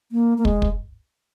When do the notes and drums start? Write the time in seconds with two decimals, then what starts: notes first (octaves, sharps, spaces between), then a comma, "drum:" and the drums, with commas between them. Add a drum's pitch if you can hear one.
0.12 A#3
0.38 A#3
0.45 G#3, drum: kick
0.62 drum: kick